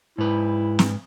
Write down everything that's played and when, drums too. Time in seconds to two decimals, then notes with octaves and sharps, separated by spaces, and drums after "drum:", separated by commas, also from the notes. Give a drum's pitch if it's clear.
0.18 G#2 E4 B4
0.79 drum: snare